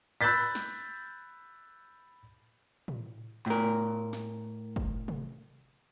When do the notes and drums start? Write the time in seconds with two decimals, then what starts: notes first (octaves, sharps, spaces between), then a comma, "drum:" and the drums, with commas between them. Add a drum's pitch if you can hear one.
0.21 B5 E6 F#6 G6 A6 B6, drum: cymbal
0.55 drum: snare
2.88 drum: tom
3.46 A2 A#4, drum: clap
4.13 drum: snare
4.76 drum: kick
5.08 drum: tom C3